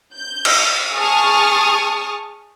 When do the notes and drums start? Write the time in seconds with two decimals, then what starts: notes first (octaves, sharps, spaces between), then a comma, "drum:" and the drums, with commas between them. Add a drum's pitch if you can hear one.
0.15 G6
0.45 drum: cymbal
0.96 G#4 A5 C#6 D#6 F6